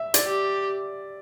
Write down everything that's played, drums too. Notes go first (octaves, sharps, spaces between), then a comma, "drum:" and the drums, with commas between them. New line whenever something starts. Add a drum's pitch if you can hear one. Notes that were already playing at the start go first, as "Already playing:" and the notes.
Already playing: E5
D5, drum: hi-hat
G4